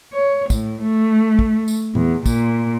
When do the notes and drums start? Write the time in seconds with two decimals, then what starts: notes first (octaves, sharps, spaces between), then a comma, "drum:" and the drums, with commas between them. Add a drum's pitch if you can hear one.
0.13 C#5
0.50 A2, drum: kick, tambourine
0.82 A3
1.39 drum: kick
1.68 drum: tambourine
1.95 E2, drum: tom A#2
2.26 A#2, drum: kick, tambourine